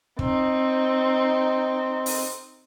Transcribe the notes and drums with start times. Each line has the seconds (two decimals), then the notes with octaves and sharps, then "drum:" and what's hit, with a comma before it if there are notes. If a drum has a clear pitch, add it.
0.19 C4 D#4, drum: kick
2.06 drum: open hi-hat